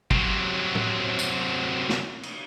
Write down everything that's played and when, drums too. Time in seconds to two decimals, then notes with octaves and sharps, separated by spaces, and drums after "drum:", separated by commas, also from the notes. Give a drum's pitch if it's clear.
0.11 C3 F#3, drum: kick
0.75 drum: tom
1.19 drum: tambourine
1.89 drum: snare
2.23 drum: cymbal